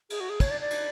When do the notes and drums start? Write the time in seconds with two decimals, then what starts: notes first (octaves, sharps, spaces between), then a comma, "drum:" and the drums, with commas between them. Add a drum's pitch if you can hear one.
0.10 G#4, drum: cymbal
0.20 F#4
0.30 G#4
0.40 C#5, drum: kick, cymbal
0.51 D5
0.61 D5
0.70 drum: cymbal